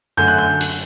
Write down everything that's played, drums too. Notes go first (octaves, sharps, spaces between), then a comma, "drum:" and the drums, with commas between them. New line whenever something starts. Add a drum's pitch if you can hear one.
F#2 D3 A3 G6
F#6
G6
drum: hi-hat